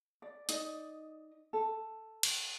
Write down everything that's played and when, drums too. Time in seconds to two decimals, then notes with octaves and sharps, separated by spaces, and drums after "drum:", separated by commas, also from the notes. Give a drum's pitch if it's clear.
0.22 D5
0.49 D#4 D5 D#5, drum: hi-hat
1.53 A4
2.23 drum: cymbal